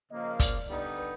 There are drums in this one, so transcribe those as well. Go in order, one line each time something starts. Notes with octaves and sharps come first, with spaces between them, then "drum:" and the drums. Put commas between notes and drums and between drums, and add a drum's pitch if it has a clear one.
C#3 F3 A#3 D#5
D5, drum: kick, hi-hat
D3 G3 B3 D#4
B4